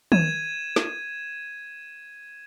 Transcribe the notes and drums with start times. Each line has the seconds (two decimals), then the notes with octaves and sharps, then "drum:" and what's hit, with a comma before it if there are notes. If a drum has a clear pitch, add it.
0.12 G#6 D#7 E7, drum: tom
0.76 drum: snare